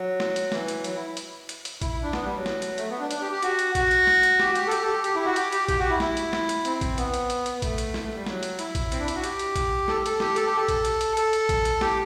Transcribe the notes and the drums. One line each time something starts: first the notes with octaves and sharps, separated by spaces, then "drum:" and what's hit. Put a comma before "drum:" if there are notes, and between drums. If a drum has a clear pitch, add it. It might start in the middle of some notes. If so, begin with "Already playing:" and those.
Already playing: F#3
drum: snare
drum: hi-hat
E3, drum: snare
drum: hi-hat
F#3, drum: hi-hat
E4
drum: hi-hat
drum: hi-hat
drum: hi-hat
E4, drum: kick A#1, hi-hat
E4
D4
B3, drum: snare
G3
F#3
drum: snare
drum: hi-hat
A3, drum: hi-hat
B3
D4
D4, drum: hi-hat
G4
G4
F#4, drum: hi-hat
drum: hi-hat
F#4, drum: kick A#1, hi-hat
drum: hi-hat
drum: snare
drum: hi-hat
G4, drum: snare
F#4
G4, drum: hi-hat
A4
G4, drum: hi-hat
A4
G4
G4, drum: hi-hat
E4
F#4
G4, drum: hi-hat
G4, drum: hi-hat
G4, drum: kick A#1, hi-hat
F#4
E4
E4, drum: snare
drum: hi-hat
drum: snare
drum: hi-hat
C4, drum: hi-hat
drum: kick A#1, hi-hat
B3, drum: hi-hat
drum: hi-hat
drum: hi-hat
drum: hi-hat
B3
A3, drum: kick A#1, hi-hat
drum: hi-hat
drum: snare
A3
G3
F#3, drum: snare
drum: hi-hat
E4, drum: hi-hat
drum: kick A#1, hi-hat
C4, drum: hi-hat
D4
E4, drum: hi-hat
F#4
G4, drum: hi-hat
drum: hi-hat
drum: kick A#1, hi-hat
A4, drum: snare
A4, drum: hi-hat
G4, drum: snare
A4, drum: hi-hat
G4
A4
drum: kick A#1, hi-hat
drum: hi-hat
drum: hi-hat
A4, drum: hi-hat
drum: hi-hat
drum: kick A#1, hi-hat
drum: hi-hat
G4, drum: snare